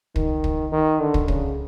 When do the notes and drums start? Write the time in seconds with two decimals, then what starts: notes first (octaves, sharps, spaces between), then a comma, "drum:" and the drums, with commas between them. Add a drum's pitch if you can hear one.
0.16 D#3, drum: kick
0.44 drum: kick
0.72 D#3
1.00 D3
1.14 drum: kick
1.28 C#3, drum: kick